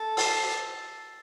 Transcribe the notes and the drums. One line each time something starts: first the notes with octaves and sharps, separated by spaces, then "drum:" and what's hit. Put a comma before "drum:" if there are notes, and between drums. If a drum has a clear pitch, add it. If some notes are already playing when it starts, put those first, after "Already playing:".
Already playing: A4
E6 A6 C7, drum: open hi-hat